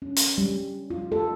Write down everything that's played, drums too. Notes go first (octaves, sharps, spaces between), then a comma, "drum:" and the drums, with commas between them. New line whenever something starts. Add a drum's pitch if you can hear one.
C#4
drum: hi-hat
G3
F4
A4